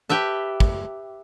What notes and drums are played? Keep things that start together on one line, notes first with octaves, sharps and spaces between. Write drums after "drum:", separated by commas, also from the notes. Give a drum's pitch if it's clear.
G4 B4 E5 A5
drum: kick